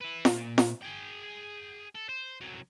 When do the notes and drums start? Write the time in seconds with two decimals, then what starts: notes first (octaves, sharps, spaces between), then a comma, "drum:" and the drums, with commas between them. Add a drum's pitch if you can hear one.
0.01 E4 B4
0.25 A#2, drum: snare
0.58 drum: snare
0.82 G#4 G5
1.95 A4
2.09 C5
2.41 C2 F#3